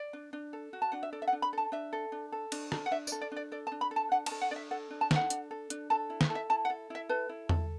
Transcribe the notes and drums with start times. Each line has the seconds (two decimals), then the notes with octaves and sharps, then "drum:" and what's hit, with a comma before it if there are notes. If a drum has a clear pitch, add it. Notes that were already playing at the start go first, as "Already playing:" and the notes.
Already playing: D5
0.13 D4
0.33 D4
0.53 A4
0.73 F#4
0.82 A5
0.92 D4 F#5
1.03 E5
1.13 A4 D5
1.22 E5
1.27 F#5
1.32 D4
1.42 B5
1.53 A4 A5
1.72 D4 E5
1.93 A4
2.12 D4
2.32 A4
2.52 D4, drum: cymbal
2.72 A4, drum: rim click
2.86 F#5
2.91 D4 E5
3.07 D5, drum: tambourine
3.12 A4
3.21 D5
3.32 D4 D5
3.52 A4 D5
3.67 A5
3.72 D4
3.81 B5
3.91 A4
3.96 A5
4.12 D4 F#5
4.26 A5, drum: cymbal
4.31 A4
4.41 F#5
4.51 D4 D5 E5
4.71 A4 F#5
4.90 D4
5.01 A5
5.11 A4 F#5, drum: snare
5.30 D4, drum: hi-hat
5.51 A4
5.70 D4, drum: hi-hat
5.90 A4 A5
6.10 E4
6.21 E5, drum: snare
6.30 A4
6.35 E5
6.50 E4 A5
6.65 F#5
6.70 A4
6.90 E4 E5
7.09 A4 B4
7.29 E4
7.49 A4, drum: tom E2